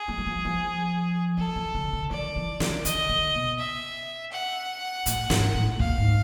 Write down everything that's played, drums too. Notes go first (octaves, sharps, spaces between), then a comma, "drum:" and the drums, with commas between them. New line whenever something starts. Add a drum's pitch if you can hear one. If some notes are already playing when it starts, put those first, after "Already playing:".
Already playing: G#4
G#3
F#3
F3
F3
F3 A4
E3
D3
D3
D#3 D5
E3
D#3, drum: snare
D#3 D#5, drum: hi-hat
D3
B2
E5
F#5
A2, drum: hi-hat
G#2, drum: snare
A2
A#2 F5, drum: kick
G#2